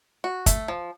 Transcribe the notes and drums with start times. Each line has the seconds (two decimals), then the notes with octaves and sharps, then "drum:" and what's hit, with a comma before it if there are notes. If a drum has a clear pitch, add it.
0.24 F#4
0.46 A3, drum: kick, hi-hat
0.68 F3